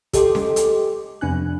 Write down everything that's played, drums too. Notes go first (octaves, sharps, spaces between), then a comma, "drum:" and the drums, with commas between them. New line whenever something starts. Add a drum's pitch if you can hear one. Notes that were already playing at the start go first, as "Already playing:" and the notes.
G4 A4 D#5 G5 C6 D6, drum: kick, hi-hat
drum: snare C#4
drum: hi-hat
F2 C3 B3 D4 G#5 F#6